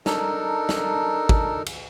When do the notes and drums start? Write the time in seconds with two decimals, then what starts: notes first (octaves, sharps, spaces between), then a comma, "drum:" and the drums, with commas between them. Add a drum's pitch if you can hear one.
0.06 D4 D#4 A4 A#4, drum: snare
0.69 drum: snare
1.29 drum: kick
1.66 drum: cymbal